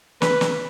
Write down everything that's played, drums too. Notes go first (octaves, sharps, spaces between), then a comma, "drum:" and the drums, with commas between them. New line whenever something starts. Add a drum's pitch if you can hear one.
B4, drum: snare
drum: snare